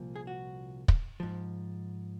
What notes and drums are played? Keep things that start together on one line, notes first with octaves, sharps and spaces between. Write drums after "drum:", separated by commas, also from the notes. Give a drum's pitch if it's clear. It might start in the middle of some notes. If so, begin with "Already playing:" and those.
Already playing: C2 A#2 F3
G#4
F#4
drum: kick
G#2 F3